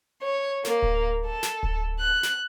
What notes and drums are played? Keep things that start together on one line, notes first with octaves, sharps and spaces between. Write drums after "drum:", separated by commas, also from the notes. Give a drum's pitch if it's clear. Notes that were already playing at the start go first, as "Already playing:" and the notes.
C#5
A#3, drum: snare
drum: kick D1
A4
drum: snare
drum: kick D1
F#6
drum: snare